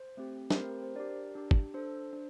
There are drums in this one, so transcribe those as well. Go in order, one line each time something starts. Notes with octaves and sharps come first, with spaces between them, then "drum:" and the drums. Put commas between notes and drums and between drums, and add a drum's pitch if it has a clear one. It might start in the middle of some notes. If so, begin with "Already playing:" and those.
Already playing: C5
A3 C4 G4
C5, drum: snare
A3 C4 G4 A#4
A#4
C5
D4 G4 A#4 D5
D4 G4
drum: kick
D4 A4 C5
D4